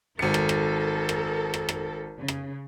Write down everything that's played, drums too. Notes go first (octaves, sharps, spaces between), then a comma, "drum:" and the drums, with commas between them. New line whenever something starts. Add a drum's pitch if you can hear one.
G#1 A4 A#4 C#7
drum: rim click
drum: rim click
drum: rim click
drum: rim click
drum: rim click
C#3
drum: rim click